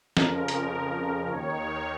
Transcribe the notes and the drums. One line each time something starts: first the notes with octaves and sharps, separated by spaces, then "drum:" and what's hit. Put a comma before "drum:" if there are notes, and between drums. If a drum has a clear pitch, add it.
F2 C#3 F3 A#4, drum: snare
drum: hi-hat
D#2 D#3 C#5